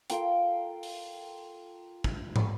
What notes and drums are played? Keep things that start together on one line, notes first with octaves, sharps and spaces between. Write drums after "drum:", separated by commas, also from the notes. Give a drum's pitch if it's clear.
F4 A4 A#4 G5, drum: hi-hat
drum: open hi-hat
drum: kick
drum: tom